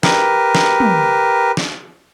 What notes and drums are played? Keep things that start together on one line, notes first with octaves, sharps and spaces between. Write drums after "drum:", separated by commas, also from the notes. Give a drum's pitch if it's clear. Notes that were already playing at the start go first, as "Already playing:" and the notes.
G4 A#4 B4, drum: snare
drum: snare
drum: tom
drum: snare